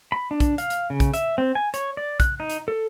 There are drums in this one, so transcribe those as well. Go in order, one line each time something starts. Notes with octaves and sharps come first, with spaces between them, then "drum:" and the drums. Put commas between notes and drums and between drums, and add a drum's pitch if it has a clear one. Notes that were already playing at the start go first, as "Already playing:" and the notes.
B5
D4
drum: kick, hi-hat
F5, drum: hi-hat
drum: hi-hat
C#3
drum: kick, hi-hat
E5, drum: hi-hat
C4
G#5
C#5, drum: hi-hat
D5
F#6, drum: kick, hi-hat
D#4
drum: hi-hat
A4